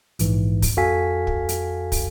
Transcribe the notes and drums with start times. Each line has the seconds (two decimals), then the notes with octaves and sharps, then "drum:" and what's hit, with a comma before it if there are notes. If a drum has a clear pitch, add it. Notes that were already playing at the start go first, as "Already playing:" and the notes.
0.19 A#1 G#2 E3, drum: hi-hat
0.62 drum: kick, open hi-hat
0.77 F2 F#4 A4 F5 G#5 B6
1.27 drum: kick
1.49 drum: hi-hat
1.92 drum: kick, open hi-hat